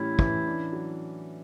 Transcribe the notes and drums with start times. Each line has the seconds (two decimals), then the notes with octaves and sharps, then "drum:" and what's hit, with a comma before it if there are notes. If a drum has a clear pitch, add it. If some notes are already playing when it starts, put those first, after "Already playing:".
Already playing: A2 E3 G3 C#4 E4
0.19 E3, drum: kick
0.47 D4
0.73 F#3